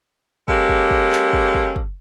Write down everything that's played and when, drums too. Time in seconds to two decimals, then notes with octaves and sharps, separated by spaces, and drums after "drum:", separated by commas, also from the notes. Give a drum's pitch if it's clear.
0.48 G#3 A#3 C#4 G4 A4, drum: kick
0.69 drum: kick
0.91 drum: kick
1.12 drum: clap
1.33 drum: kick
1.55 drum: kick
1.76 drum: kick